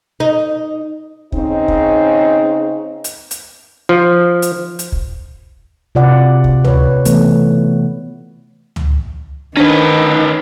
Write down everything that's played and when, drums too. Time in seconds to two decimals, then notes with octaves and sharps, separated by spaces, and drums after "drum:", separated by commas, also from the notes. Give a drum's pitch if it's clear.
0.20 D#4
1.32 C#3 C4 D#4, drum: kick
1.68 drum: kick
3.04 drum: hi-hat
3.31 drum: hi-hat
3.89 F3
4.42 drum: hi-hat
4.79 drum: hi-hat
4.92 drum: kick
5.95 C3 F4 D5 F#5
6.44 drum: kick
6.64 B4 C#5, drum: tom C#2
7.05 E3 A3 B3, drum: hi-hat
8.76 drum: tom C#2
9.57 D#3 C#4 D4 B4 C5